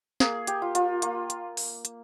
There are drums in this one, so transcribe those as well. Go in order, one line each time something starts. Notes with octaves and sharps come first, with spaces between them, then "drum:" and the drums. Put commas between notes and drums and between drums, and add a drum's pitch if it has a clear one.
A#3 G#4, drum: snare
G4, drum: hi-hat
F4
F4, drum: hi-hat
A#3 F4, drum: hi-hat
drum: hi-hat
drum: open hi-hat
drum: hi-hat